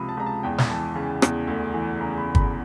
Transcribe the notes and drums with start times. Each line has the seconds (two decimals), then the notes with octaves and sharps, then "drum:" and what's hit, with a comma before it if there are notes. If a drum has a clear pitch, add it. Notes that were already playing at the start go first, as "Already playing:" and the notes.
Already playing: C#2 C3 F3 B5 D#6
0.09 A5
0.17 C#2 A#5
0.26 A5
0.43 E2 G5
0.58 drum: snare
0.70 E3 A5
0.95 C#3
1.22 E2, drum: rim click
1.48 D2
1.74 E3
2.00 C#3 A#5
2.18 B5
2.26 D2
2.35 B5, drum: kick